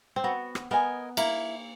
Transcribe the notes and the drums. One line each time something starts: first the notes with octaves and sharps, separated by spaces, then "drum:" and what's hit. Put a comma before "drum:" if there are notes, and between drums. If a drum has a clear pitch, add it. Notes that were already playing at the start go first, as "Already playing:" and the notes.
C4
B3 F#4
drum: rim click
B3 A#4 D#5 G#5
A#3 E4, drum: cymbal